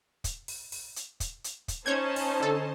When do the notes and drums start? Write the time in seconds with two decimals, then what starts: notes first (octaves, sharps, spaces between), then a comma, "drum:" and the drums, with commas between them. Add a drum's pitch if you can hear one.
0.24 drum: kick, hi-hat
0.48 drum: open hi-hat
0.72 drum: open hi-hat
0.96 drum: hi-hat
1.20 drum: kick, hi-hat
1.44 drum: hi-hat
1.68 drum: kick, hi-hat
1.86 C#4 D#4 C5 C#5 A5 G6 G#6
2.16 drum: open hi-hat
2.40 D3 A4